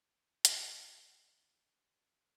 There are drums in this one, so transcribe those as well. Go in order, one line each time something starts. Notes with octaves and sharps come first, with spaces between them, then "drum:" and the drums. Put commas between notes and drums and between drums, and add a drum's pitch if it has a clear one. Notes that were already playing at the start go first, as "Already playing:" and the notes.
D#3
D#3, drum: hi-hat
D3